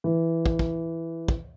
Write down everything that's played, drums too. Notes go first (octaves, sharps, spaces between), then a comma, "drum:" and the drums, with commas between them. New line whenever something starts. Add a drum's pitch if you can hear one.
E3
drum: kick
drum: kick
drum: kick